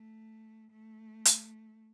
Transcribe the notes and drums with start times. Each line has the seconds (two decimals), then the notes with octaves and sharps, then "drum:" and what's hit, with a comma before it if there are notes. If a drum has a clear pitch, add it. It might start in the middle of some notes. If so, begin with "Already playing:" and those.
Already playing: A3
0.72 A3
1.25 drum: hi-hat